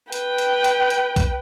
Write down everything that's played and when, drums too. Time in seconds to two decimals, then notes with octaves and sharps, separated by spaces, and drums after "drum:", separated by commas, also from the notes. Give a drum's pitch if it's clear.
0.12 B4 G5, drum: hi-hat
0.38 drum: hi-hat
0.64 drum: hi-hat
0.90 drum: hi-hat
1.16 drum: kick, hi-hat